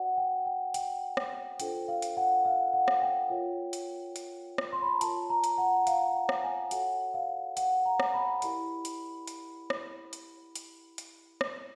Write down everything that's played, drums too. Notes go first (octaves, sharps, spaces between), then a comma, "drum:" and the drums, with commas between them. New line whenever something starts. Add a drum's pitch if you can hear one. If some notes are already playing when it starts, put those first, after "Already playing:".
Already playing: F#4 B4 D5 F#5
G5
G5
G5, drum: hi-hat
drum: rim click
D4 F4 A4 C5 G5, drum: hi-hat
F5
drum: hi-hat
F#5
F5
F#5
drum: rim click
G5
F4 A#4 C#5
drum: hi-hat
drum: hi-hat
drum: rim click
C6
B5
A#5
F4 A#4 C#5 A5, drum: hi-hat
A#5
drum: hi-hat
F#5
F5, drum: hi-hat
G5
drum: rim click
G#5
F#4 A4 C#5 F#5, drum: hi-hat
F5
F#5, drum: hi-hat
A#5
drum: rim click
B5
E4 G4 A#4 D5 B5, drum: hi-hat
drum: hi-hat
drum: hi-hat
drum: rim click
drum: hi-hat
drum: hi-hat
drum: hi-hat
drum: rim click